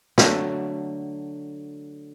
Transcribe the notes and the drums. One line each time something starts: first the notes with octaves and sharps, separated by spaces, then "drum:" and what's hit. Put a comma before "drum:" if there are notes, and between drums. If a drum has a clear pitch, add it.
D3 F#3 A3, drum: snare